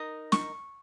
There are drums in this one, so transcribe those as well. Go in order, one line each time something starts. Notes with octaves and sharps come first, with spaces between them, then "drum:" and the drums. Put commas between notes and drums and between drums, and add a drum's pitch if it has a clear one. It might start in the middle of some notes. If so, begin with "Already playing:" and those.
Already playing: D#4 A#4 D#6
C#6, drum: snare